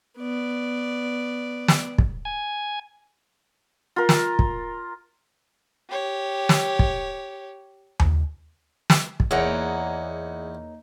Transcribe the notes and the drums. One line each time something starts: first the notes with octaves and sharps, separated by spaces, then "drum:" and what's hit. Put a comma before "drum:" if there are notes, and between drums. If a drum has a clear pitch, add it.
B3 D5
drum: snare
drum: kick
G#5
F4 A#4
drum: snare
drum: kick
G4 C#5
drum: snare
drum: kick
drum: tom D#2
drum: snare
drum: kick
E2 A#3 D#4 G#4 C#5 F#5